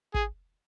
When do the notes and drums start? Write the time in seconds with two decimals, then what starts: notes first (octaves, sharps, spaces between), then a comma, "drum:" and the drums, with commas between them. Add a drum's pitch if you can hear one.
0.14 G#4, drum: kick